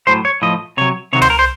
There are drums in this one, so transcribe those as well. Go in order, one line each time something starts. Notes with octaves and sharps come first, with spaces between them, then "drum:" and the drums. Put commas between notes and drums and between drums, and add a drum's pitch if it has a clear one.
A2 F#3 C5
C#5
A2 F3 D#5
C3 F#3 C#5
C3 D#3 F#3 C#5
C5, drum: tom
A#4
C5